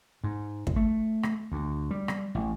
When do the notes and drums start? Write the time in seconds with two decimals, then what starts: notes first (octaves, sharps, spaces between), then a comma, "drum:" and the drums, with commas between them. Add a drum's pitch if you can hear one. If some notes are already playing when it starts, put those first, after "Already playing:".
0.24 G#2
0.67 drum: kick
0.76 A3
1.23 drum: rim click
1.52 D2
1.91 G3
2.08 drum: rim click
2.35 A1